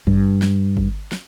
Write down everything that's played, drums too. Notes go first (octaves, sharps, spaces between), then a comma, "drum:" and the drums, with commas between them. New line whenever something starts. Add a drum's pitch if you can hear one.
G2, drum: kick G#1
drum: snare
drum: kick G#1
drum: snare